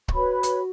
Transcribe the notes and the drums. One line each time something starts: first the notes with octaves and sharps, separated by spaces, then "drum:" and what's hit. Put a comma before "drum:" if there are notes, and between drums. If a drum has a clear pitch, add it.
C#6, drum: kick C#1
F#4 B4 C#5 B5
drum: hi-hat